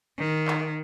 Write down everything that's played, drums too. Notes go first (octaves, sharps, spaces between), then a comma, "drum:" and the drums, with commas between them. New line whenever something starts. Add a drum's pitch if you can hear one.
D#3
drum: clap